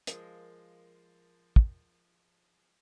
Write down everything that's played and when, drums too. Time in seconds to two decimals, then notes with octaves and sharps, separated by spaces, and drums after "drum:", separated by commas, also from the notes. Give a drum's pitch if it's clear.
0.07 F3 G#3 A#4 F5, drum: hi-hat
1.56 drum: kick